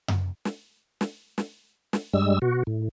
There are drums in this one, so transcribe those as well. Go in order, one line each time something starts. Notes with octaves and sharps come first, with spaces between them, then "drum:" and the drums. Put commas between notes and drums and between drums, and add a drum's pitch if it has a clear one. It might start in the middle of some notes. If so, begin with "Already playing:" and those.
drum: tom F#2
drum: snare
drum: snare
drum: snare
drum: snare
G2 G3 G#3 E6
B2 F#4
A2